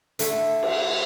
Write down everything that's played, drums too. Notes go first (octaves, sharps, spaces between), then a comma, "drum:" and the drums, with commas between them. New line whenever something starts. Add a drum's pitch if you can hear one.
D3 A3 E4 G5 C6, drum: hi-hat
drum: cymbal